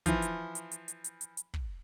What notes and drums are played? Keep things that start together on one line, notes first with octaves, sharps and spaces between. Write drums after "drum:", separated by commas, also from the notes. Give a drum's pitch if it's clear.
E3 F3, drum: kick, hi-hat
drum: hi-hat
drum: hi-hat
drum: hi-hat
drum: hi-hat
drum: hi-hat
drum: hi-hat
drum: hi-hat
drum: kick